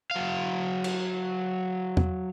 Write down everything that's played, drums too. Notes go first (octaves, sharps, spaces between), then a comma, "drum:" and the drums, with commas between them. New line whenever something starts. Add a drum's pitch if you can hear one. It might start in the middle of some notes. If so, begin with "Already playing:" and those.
F#3 F5
drum: cymbal
drum: tom E2